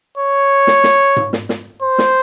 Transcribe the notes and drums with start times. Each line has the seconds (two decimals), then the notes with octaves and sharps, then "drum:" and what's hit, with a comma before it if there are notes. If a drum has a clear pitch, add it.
0.18 C#5
0.67 drum: snare
0.84 drum: snare
1.16 drum: tom G#2
1.33 drum: snare
1.49 drum: snare
1.82 C5
1.98 drum: snare